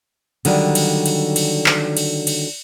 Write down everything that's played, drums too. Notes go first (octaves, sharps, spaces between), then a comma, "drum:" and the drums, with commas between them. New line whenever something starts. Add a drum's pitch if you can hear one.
D3 D#3 F#3 G3, drum: cymbal
drum: cymbal
drum: cymbal
drum: cymbal
drum: clap
drum: cymbal
drum: cymbal